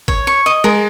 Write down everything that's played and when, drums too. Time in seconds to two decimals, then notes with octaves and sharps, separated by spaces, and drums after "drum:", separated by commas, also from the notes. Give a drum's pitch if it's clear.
0.08 C#5, drum: kick G1
0.27 C#6
0.46 D#5
0.64 G#3 A#4